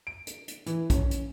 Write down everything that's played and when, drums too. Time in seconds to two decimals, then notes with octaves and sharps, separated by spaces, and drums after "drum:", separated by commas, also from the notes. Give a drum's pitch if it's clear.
0.07 D7
0.27 drum: hi-hat
0.48 drum: hi-hat
0.66 E3, drum: hi-hat
0.90 C#4, drum: kick, hi-hat
1.11 drum: hi-hat